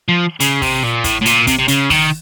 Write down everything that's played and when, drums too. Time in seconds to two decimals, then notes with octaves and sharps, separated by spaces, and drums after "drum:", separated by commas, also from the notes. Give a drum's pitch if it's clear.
0.09 F3
0.40 C#3, drum: hi-hat
0.62 C3, drum: kick, open hi-hat
0.83 A#2
1.04 A2, drum: kick, hi-hat
1.21 A2
1.26 A#2, drum: hi-hat
1.47 C3, drum: kick, hi-hat
1.59 C3
1.68 C#3, drum: hi-hat
1.90 D#3, drum: kick, open hi-hat